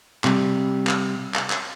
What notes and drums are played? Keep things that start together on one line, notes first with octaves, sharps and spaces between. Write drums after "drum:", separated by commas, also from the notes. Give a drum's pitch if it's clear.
C3 G3, drum: clap
drum: clap
drum: clap
drum: clap